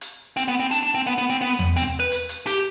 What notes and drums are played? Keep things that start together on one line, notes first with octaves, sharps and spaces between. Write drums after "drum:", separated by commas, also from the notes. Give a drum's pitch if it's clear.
drum: hi-hat
C4, drum: hi-hat
B3
C4
D4, drum: hi-hat
D4
C4
B3
B3
C4
B3
drum: tom E2
C4, drum: hi-hat
B4
drum: hi-hat
drum: hi-hat
G4, drum: hi-hat